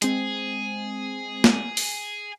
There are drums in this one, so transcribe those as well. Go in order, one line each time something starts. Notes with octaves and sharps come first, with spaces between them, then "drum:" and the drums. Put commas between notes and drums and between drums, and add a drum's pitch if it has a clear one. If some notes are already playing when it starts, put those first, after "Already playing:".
G#3 C4 G#4, drum: hi-hat
drum: snare
drum: open hi-hat